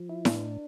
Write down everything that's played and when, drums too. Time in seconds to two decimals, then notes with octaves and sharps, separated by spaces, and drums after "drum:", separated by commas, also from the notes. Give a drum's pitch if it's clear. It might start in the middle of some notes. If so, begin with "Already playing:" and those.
Already playing: F3
0.09 E4
0.25 A2 D4, drum: snare E4